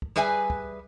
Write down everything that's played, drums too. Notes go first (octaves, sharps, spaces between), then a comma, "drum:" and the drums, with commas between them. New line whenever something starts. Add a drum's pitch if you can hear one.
drum: kick
G3 G#4 B4 E5 G#5
drum: kick